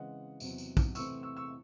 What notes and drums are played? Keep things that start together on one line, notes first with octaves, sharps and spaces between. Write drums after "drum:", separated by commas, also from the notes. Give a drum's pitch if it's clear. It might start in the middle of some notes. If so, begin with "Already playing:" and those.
Already playing: C#3 E3 G#3 C4 D#5 F#5
E2 C3 F#3 C4, drum: tambourine
drum: tambourine
drum: kick, tambourine
C3 E3 A3 C4 C#6 E6, drum: tambourine
C#6 E6
C#6 E6